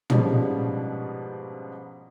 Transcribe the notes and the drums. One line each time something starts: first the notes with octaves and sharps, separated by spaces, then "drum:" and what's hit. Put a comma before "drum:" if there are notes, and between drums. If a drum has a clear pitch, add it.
G#2 B2 F3 G3 C#4 D4, drum: tom